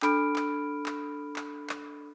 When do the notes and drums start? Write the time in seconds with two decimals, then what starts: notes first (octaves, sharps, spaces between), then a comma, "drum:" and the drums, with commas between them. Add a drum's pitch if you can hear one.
0.02 D4 A4 B5 F6 D7, drum: clap
0.36 drum: clap
0.86 drum: clap
1.36 drum: clap
1.69 drum: clap